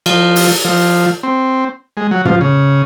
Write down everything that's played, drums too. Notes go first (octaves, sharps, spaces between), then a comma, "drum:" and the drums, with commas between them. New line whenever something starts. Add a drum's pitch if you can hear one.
F3, drum: cymbal
drum: open hi-hat
F3
C4
G#3
F#3
F3, drum: tom
C#3